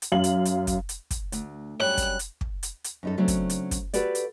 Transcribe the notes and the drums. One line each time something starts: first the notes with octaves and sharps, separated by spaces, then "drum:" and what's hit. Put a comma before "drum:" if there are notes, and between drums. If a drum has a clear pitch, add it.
drum: hi-hat
F#2 F5 F#7
drum: hi-hat
drum: hi-hat
drum: kick, hi-hat
drum: hi-hat
drum: kick, hi-hat
D2, drum: hi-hat
F#2 G3 C#5 F#6
drum: kick, hi-hat
drum: hi-hat
drum: kick
drum: hi-hat
drum: hi-hat
F#2 D#4 A4
C#3 F#3 A3 C4 D4
drum: kick, hi-hat
drum: hi-hat
drum: kick, hi-hat
F#4 G4 A4 B4 D5, drum: hi-hat
drum: hi-hat